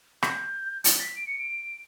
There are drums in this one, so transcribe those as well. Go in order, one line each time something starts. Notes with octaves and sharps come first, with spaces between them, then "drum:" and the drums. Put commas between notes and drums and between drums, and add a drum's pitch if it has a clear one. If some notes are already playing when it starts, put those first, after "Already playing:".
G6, drum: rim click
A6, drum: hi-hat
B6
D7
C#7
D7